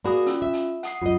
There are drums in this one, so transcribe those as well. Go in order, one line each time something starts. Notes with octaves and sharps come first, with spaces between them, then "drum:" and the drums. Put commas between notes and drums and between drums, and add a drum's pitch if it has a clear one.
A#3 F#4 G#4 D5 B5 D#6
C#4 F4 E6, drum: hi-hat
E5
drum: hi-hat
F#5 D#6 C7, drum: hi-hat
F#2 F4 D#5